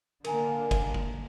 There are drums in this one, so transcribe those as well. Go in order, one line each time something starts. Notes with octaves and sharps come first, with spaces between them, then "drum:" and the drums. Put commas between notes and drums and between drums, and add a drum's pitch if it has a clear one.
D3 A#3 A#4 G#5 A#5, drum: cymbal
drum: kick G1, cymbal
drum: kick G1